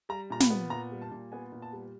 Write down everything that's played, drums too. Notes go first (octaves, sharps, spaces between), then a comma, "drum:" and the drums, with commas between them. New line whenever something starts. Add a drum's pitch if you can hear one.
G3 A#5
A#2 A#5
B5, drum: snare
B3
A#2 A#5
G3
A5
A#2
B3 G#5
A#2
A5
G3